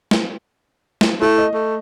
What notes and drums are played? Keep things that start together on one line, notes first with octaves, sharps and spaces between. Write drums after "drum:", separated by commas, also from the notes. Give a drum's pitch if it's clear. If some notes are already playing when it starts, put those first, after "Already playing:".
drum: snare
drum: snare
A3 E4
D#5
A3